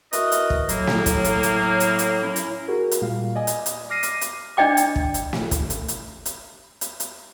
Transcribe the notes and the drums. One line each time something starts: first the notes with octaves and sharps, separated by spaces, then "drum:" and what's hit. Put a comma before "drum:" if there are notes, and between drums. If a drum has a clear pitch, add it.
E4 F#4 A#4 B4 D#5, drum: hi-hat
drum: hi-hat
drum: kick
A2 F#3 A#3, drum: hi-hat
drum: snare
drum: kick, hi-hat
drum: hi-hat
drum: hi-hat
drum: hi-hat
drum: hi-hat
C#4 E4 A#4
drum: hi-hat
F#4 G#4 A#4
drum: hi-hat
A#2 G3 F5
D5 D#5 G#5
drum: hi-hat
drum: hi-hat
D6 F6 A#6 C7 D#7
drum: hi-hat
drum: hi-hat
D4 D5 D#5 G5 D6
drum: hi-hat
drum: kick
drum: hi-hat
drum: snare
drum: kick, hi-hat
drum: hi-hat
drum: hi-hat
drum: hi-hat
drum: hi-hat
drum: hi-hat